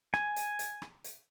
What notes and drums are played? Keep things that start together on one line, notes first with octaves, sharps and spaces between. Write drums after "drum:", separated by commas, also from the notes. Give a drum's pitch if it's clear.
G#5, drum: rim click
drum: hi-hat
drum: hi-hat
drum: rim click
drum: hi-hat